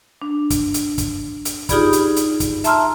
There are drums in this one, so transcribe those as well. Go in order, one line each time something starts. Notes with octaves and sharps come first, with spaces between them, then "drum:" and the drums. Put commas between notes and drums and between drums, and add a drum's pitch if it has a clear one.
D4
drum: kick, hi-hat
drum: hi-hat
drum: kick, hi-hat
drum: hi-hat
D#4 F4 G4 G#4 D5 B5, drum: kick, hi-hat
drum: hi-hat
drum: hi-hat
drum: kick, hi-hat
E5 A5 A#5 C6 E6 F6, drum: hi-hat